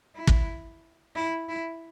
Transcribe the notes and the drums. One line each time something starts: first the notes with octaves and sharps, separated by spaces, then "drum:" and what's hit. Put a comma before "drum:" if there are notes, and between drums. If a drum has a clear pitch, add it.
E4
drum: kick
E4
E4